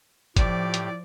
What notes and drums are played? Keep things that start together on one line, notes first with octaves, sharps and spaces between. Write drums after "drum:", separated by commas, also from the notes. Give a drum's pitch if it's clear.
A2 F3 G4 D5, drum: kick F#1, hi-hat
drum: hi-hat